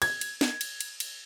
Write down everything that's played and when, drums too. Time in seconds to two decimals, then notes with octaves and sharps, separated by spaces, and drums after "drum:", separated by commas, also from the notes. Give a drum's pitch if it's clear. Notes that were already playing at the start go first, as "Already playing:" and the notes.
0.02 G#6, drum: cymbal
0.21 drum: cymbal
0.41 drum: snare
0.61 drum: cymbal
0.81 drum: cymbal
1.00 drum: cymbal